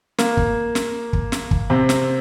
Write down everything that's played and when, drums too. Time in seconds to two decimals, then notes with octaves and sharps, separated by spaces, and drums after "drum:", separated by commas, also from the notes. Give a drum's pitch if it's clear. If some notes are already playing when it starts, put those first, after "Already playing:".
0.18 A#3, drum: snare
0.37 drum: kick
0.75 drum: snare
1.13 drum: kick
1.32 drum: snare
1.51 drum: kick
1.70 C3 C4
1.89 drum: snare